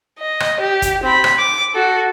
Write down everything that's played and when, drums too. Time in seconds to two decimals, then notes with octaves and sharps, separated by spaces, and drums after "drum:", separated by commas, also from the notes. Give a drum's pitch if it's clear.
0.19 D#5
0.40 drum: rim click
0.61 G4
0.82 drum: kick, hi-hat
1.04 C4 B5
1.24 drum: rim click
1.39 D6
1.74 F#4 A4